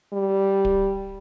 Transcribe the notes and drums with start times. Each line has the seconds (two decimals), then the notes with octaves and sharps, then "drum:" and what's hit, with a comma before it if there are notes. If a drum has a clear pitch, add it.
0.13 G3
0.65 drum: kick D1